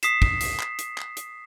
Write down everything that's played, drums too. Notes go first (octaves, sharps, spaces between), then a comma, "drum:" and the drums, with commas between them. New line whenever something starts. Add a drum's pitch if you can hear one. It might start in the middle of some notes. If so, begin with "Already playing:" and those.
D#6 B6 C7 E7, drum: hi-hat
drum: kick
drum: hi-hat
drum: clap
drum: hi-hat
drum: clap
drum: hi-hat